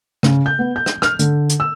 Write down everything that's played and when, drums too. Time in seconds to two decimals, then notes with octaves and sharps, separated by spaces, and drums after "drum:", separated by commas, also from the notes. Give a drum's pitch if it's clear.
0.23 C#3, drum: rim click
0.46 G6
0.59 B3
0.76 G6
0.86 drum: rim click
1.02 F6, drum: rim click
1.19 D3, drum: hi-hat
1.49 drum: hi-hat
1.60 E6